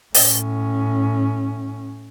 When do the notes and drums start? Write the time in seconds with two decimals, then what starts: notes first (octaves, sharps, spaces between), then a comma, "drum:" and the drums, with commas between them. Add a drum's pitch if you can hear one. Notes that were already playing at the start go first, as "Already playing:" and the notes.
0.14 A2 C#4, drum: open hi-hat